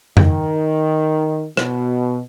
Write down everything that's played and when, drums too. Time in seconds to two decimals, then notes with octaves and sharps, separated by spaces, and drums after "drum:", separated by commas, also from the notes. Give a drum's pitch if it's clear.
0.17 D#3, drum: tom F2
1.57 B2, drum: rim click